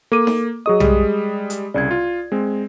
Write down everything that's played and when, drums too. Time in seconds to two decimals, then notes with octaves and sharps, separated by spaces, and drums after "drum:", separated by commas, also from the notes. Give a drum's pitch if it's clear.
0.12 A#3 A4 D6 D#7
0.27 drum: snare D#4
0.66 F#3 G#4 D#5 D#6
0.80 G3 G#3, drum: tom B1
1.50 drum: hi-hat
1.74 C2 C#3 D5 G#6
1.91 F4
2.32 G#3 C4